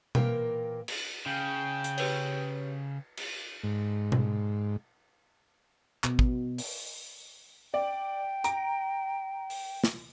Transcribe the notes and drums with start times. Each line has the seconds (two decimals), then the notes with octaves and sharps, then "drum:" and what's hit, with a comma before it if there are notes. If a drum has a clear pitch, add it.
0.15 A#2 E3 A#3 A#4 G5, drum: tom B2
0.88 drum: cymbal
1.26 C#3 G5
1.84 drum: hi-hat
1.98 G4 B4 C#5, drum: cymbal
3.17 drum: cymbal
3.64 G#2
4.12 drum: tom B2
6.04 B2, drum: clap
6.19 drum: kick G#1
6.58 drum: open hi-hat
7.74 D5 G5
8.44 A#5 D7, drum: hi-hat
9.50 drum: open hi-hat
9.84 drum: snare